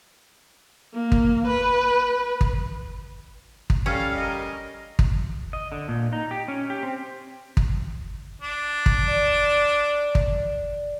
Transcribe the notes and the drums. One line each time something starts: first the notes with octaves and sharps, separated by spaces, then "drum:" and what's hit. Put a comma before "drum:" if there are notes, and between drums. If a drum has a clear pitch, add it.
A#3
drum: kick
B4
drum: kick
drum: kick
G3 C#4 A4 F5 F6
A#4 D#5
drum: kick
D#5
D3
A#2
D#4
G4
C#4
G4
C4
drum: kick
D4
drum: kick
D5
drum: kick